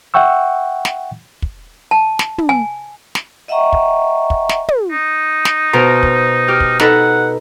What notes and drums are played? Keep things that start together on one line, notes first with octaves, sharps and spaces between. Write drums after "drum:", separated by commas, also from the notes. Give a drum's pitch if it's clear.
E5 F#5 G5 C#6 E6
drum: snare
drum: kick
A5
drum: snare
drum: tom
G#5
drum: snare
D#5 E5 F#5 G5 A#5 C#6
drum: kick
drum: kick
drum: snare
drum: tom
D#4
drum: snare
B2 A#4 C5
drum: kick
G4 F6 G6
drum: kick
D#4 A4 B4 F#5, drum: snare